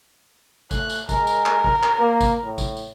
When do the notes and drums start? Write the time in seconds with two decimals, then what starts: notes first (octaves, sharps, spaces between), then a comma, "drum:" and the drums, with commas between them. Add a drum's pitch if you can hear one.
0.71 A3 F#6, drum: kick, tambourine
0.90 drum: tambourine
1.09 G#3 A#4, drum: kick, tambourine
1.27 drum: tambourine
1.46 drum: clap
1.64 drum: kick
1.83 drum: clap
1.99 A#3
2.21 drum: kick, tambourine
2.43 A2
2.58 drum: kick, tambourine
2.77 drum: tambourine